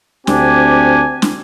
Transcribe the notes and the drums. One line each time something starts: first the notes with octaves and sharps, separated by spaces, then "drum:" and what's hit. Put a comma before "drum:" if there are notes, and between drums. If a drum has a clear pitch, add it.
D2 C4 D4 G4 G#5, drum: snare
drum: snare